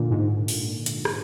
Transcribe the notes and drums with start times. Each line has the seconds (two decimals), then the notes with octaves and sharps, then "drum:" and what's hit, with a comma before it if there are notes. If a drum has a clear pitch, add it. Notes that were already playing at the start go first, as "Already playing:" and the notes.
Already playing: A#2 D3
0.11 G#2
0.48 drum: open hi-hat
0.86 drum: hi-hat
1.05 drum: rim click